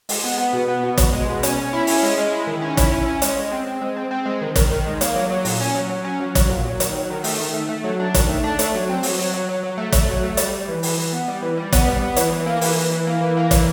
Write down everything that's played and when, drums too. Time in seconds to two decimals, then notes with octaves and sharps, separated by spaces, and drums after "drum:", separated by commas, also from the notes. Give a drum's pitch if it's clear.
0.09 G#3, drum: open hi-hat
0.24 B3
0.38 B3
0.53 B2
0.68 B3
0.83 B2
0.98 B2, drum: kick, hi-hat
1.12 G#3
1.28 B2
1.43 C#4, drum: hi-hat
1.58 C#4
1.73 E4
1.87 C#4, drum: open hi-hat
2.03 G#3
2.18 G#3
2.32 E4
2.47 D#3
2.62 C#4
2.77 E4, drum: kick, hi-hat
2.92 C#4
3.06 C#4
3.22 G#3, drum: hi-hat
3.36 G#3
3.52 C4
3.67 C4
3.81 G#3
3.97 C4
4.11 C4
4.26 G#3
4.42 D#3
4.56 D#3, drum: kick, hi-hat
4.71 D#3
4.86 G#3
5.01 A#3, drum: hi-hat
5.15 F#3
5.30 F#3
5.45 A#2, drum: open hi-hat
5.60 C#4
5.75 F#3
5.90 F#3
6.05 C#4
6.20 F#3
6.35 F#3, drum: kick, hi-hat
6.49 A#2
6.65 F#3
6.80 D#3, drum: hi-hat
6.95 F#3
7.10 D#3
7.24 A3, drum: open hi-hat
7.40 D#3
7.54 A3
7.69 A3
7.84 F#3
8.00 D4
8.14 D#3, drum: kick, hi-hat
8.28 A3
8.44 D4
8.59 A3, drum: hi-hat
8.74 F#3
8.89 C4
9.03 F#3, drum: open hi-hat
9.19 F#3
9.34 F#3
9.49 F#3
9.63 F#3
9.78 A3
9.92 A3, drum: kick, hi-hat
10.09 F#3
10.23 A3
10.37 G3, drum: hi-hat
10.53 G3
10.68 E3
10.83 E3, drum: open hi-hat
10.98 E3
11.13 B3
11.28 G3
11.42 E3
11.57 G3
11.72 B3, drum: kick, hi-hat
11.87 G3
12.02 B3
12.16 E3, drum: hi-hat
12.32 E3
12.46 A#3
12.61 E3, drum: open hi-hat
12.76 E3
12.91 E3
13.07 A#3
13.21 E3
13.37 A#3
13.51 E3, drum: kick, hi-hat